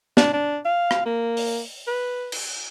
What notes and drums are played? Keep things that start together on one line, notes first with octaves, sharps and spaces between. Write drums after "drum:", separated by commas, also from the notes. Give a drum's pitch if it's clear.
D4, drum: snare
D4
F5
drum: rim click
A#3
drum: open hi-hat
B4
drum: cymbal